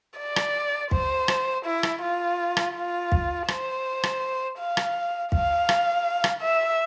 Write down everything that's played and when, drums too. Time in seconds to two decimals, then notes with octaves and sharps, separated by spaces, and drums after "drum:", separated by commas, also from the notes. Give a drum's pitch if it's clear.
0.18 D5
0.36 drum: rim click
0.91 C5, drum: kick
1.28 drum: rim click
1.65 E4
1.83 drum: rim click
2.02 F4
2.57 drum: rim click
2.76 F4
3.12 drum: kick
3.48 C5, drum: rim click
4.03 drum: rim click
4.59 F5
4.77 drum: rim click
5.32 F5, drum: kick
5.69 drum: rim click
6.24 drum: rim click
6.42 E5